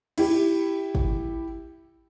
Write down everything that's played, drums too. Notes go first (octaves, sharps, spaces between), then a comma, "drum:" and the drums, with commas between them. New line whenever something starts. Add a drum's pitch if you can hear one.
E4 G4, drum: cymbal
drum: kick